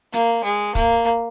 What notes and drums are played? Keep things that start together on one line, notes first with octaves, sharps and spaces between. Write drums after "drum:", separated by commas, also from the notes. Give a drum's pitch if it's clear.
A#3, drum: hi-hat
G#3
A#3, drum: kick, hi-hat